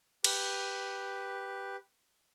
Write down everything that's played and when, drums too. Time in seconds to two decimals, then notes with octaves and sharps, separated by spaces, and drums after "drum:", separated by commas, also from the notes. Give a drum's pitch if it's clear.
0.24 G4 B4, drum: cymbal